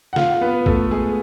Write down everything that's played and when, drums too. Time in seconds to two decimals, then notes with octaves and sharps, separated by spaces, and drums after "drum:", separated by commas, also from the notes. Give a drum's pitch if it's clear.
0.13 F#5
0.16 F4 F5, drum: snare
0.41 B3 B4
0.66 A3 A4, drum: kick
0.91 G#3 G#4